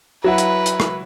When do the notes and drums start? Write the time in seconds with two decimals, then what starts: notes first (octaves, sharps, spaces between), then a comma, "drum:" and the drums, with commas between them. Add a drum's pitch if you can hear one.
0.24 F#3 E4 B4 F#5
0.38 drum: hi-hat
0.66 drum: hi-hat
0.80 drum: rim click